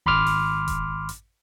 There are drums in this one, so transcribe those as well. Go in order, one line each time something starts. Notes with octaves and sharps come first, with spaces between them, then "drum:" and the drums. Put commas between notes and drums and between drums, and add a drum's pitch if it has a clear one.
G#1 B5 C6 D6 F6, drum: kick F1
drum: open hi-hat
drum: kick F1, hi-hat
drum: hi-hat